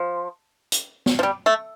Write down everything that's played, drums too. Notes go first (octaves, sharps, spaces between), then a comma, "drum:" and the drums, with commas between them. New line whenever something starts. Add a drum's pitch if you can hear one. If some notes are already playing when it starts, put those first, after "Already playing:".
Already playing: F3
drum: hi-hat
drum: snare
F3
G3
A3